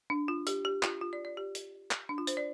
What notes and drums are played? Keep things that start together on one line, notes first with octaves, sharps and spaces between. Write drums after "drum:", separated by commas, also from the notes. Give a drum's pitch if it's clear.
D4
F4
G4, drum: hi-hat
G4
F4, drum: clap
F4
D5
D5
G4
drum: hi-hat
drum: clap
D4
F4
C5, drum: hi-hat
D5